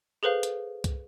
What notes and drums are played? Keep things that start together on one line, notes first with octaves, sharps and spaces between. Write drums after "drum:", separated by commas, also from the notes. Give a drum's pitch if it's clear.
G#4 A4 B4 C5 F5
drum: hi-hat
drum: kick C2, hi-hat